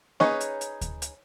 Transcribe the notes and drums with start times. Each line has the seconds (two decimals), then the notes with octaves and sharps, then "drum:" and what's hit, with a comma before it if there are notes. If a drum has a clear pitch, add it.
0.20 C#4 D#4 G#4 B4 C#5, drum: snare A#3
0.40 drum: hi-hat
0.61 drum: hi-hat
0.81 drum: kick D2, hi-hat
1.02 drum: hi-hat